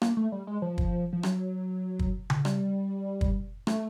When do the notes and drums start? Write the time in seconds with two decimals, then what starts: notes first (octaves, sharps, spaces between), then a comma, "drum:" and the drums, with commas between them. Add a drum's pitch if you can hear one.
0.02 A#3, drum: rim click
0.17 A3
0.32 G3
0.47 G#3
0.62 F3
0.78 drum: kick
1.13 F3
1.23 F#3, drum: rim click
1.99 drum: kick
2.30 drum: tom C#3
2.45 G3, drum: rim click
3.21 drum: kick
3.67 A3, drum: rim click